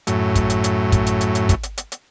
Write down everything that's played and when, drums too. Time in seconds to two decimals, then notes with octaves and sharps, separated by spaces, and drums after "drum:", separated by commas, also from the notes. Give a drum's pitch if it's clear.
0.07 F#2 A2, drum: hi-hat
0.35 drum: kick, hi-hat
0.50 drum: hi-hat
0.64 drum: hi-hat
0.92 drum: kick, hi-hat
1.06 drum: hi-hat
1.21 drum: hi-hat
1.35 drum: hi-hat
1.49 drum: kick, hi-hat
1.63 drum: hi-hat
1.78 drum: hi-hat
1.92 drum: hi-hat